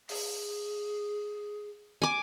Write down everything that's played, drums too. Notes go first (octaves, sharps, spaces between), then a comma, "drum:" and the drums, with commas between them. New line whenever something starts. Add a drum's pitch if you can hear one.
G#4, drum: open hi-hat
G#5 D6